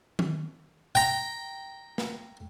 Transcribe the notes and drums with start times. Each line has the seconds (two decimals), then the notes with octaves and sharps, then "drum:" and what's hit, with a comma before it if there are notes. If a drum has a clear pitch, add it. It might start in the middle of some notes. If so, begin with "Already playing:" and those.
0.19 drum: tom D#3
0.95 G5 A#5, drum: tom G#2
1.98 drum: snare